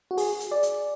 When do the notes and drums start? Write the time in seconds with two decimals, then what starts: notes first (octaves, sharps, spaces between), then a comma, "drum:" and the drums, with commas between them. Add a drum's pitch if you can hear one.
0.11 F#4
0.18 G#4, drum: open hi-hat
0.40 drum: hi-hat
0.52 D5
0.63 drum: hi-hat